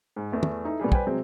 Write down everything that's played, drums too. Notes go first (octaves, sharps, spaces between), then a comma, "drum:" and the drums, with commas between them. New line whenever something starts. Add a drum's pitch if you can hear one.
G#2
E2 A3
drum: tom
D#4 E4 A4
B2 D3 G3 G#4
B4 C5 D5 G5 G#5, drum: kick
C3 F#3 G#3 C4